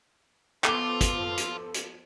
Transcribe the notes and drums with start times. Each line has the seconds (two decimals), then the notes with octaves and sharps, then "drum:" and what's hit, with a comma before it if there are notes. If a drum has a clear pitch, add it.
0.64 F3 B3 F4 A4 D6, drum: clap
1.01 drum: kick, hi-hat
1.37 drum: hi-hat
1.74 drum: hi-hat